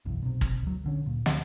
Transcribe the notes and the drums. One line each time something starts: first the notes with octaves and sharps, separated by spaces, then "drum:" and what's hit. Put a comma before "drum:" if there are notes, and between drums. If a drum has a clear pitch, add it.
F#1 B1 E2
B1 C3
drum: kick
D2 F#3
A#1 D3 C#4
D1 A#2
D2 C4, drum: snare